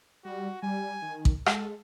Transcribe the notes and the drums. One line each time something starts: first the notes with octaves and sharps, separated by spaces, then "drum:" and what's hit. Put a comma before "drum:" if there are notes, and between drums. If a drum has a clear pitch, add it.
G3 F#4
G3 G#5
D#3
drum: kick A1
G#3 A4, drum: rim click